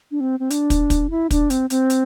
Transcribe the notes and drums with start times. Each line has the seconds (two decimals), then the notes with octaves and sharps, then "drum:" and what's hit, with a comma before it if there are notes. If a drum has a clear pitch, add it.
0.11 D4
0.20 C4
0.40 C4
0.50 D4, drum: hi-hat
0.70 drum: kick, hi-hat
0.90 drum: kick, hi-hat
1.10 E4
1.31 D4, drum: kick, hi-hat
1.50 C4, drum: hi-hat
1.70 C4, drum: hi-hat
1.90 drum: hi-hat